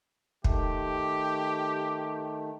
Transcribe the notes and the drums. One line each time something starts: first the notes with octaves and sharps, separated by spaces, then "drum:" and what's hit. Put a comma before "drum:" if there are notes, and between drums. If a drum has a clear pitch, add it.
D#3 A3 G4, drum: kick